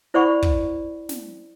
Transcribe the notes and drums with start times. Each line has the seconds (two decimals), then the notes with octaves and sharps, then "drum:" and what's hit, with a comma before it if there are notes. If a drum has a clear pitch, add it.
0.14 E4 C5 D5 F#5 B5 C#6
0.42 drum: kick
1.09 drum: snare